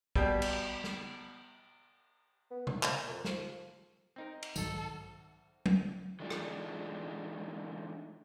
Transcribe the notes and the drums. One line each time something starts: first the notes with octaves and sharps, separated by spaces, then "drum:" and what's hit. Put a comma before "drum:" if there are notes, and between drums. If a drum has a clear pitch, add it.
B2 G3 G4, drum: kick
drum: cymbal
drum: snare
B3
D#3, drum: tom B2
A#4, drum: clap
F2
F3, drum: snare
C4 D#4 A#4
drum: cymbal
B1 G#2 D#3 F#3 A4, drum: tambourine
drum: tom F#3
E3 G#3 A3 D4 D#4 F4
drum: rim click